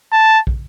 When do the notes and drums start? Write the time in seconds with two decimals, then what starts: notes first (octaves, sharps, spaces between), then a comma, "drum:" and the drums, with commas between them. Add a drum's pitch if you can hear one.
0.12 A5
0.47 drum: kick